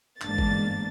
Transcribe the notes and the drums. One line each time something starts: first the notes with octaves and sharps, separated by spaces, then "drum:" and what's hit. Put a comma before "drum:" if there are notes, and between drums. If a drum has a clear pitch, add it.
G1 E2 G#2 A#3 D4 A6, drum: clap
drum: kick G#1